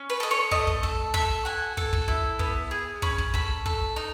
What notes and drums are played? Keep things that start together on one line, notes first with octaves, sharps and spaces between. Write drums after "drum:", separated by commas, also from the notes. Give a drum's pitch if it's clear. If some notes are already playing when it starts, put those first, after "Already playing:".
Already playing: C#4
B4
A4 D#5
C#5
A3 D#5, drum: kick
drum: kick
A4, drum: kick
A4 E5, drum: kick
F#4 G#5
A4, drum: kick
drum: kick
E4, drum: kick
B3, drum: kick
G#4
C#4 B5, drum: kick
drum: kick
A4 B5, drum: kick
A4, drum: kick
D#4